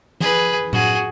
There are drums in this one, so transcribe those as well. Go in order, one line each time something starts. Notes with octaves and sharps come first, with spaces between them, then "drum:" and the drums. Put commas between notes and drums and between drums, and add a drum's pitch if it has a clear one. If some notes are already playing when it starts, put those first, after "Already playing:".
G#4 B4, drum: snare
F#4 G#4, drum: tom A2